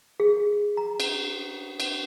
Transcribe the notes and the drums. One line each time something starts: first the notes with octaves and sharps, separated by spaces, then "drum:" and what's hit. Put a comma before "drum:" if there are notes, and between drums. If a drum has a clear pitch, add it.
G#4
A#5
drum: cymbal
drum: cymbal